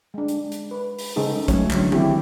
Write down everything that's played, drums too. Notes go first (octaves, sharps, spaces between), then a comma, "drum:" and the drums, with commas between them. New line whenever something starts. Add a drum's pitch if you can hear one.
G#3 D4
drum: hi-hat
drum: hi-hat
B4
drum: open hi-hat
C#3 G#3 D#4 A4
F#3 A3 C#4 C#5, drum: kick A#1, hi-hat
D3 E3 F#3, drum: clap
D#3 G#3 C4 E4 G4, drum: tom